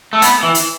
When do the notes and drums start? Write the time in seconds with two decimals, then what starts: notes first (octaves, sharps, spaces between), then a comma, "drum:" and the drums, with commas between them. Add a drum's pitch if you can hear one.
0.13 A3
0.22 B3, drum: hi-hat
0.43 E3
0.55 drum: hi-hat